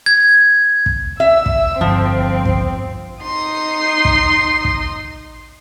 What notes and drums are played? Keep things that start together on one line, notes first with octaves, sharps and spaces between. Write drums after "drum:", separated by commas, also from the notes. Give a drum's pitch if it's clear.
G#6
drum: kick
E5 E6
drum: kick
G1 F2 F3 C4
drum: kick
D#4 C6 D#6
drum: kick
drum: kick